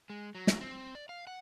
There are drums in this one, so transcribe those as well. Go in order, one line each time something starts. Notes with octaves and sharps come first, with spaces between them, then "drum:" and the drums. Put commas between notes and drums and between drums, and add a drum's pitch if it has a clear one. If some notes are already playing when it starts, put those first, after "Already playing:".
G#3
F#3
drum: snare
C4
D5
F5
F#5